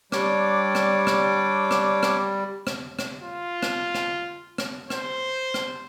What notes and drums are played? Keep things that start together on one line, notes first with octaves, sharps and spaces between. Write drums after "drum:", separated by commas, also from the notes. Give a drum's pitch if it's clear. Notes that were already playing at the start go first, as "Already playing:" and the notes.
G3 D4 C#5 D6, drum: rim click
drum: rim click
drum: rim click
drum: rim click
drum: rim click
drum: rim click
drum: rim click
F4
drum: rim click
drum: rim click
drum: rim click
C5, drum: rim click
drum: rim click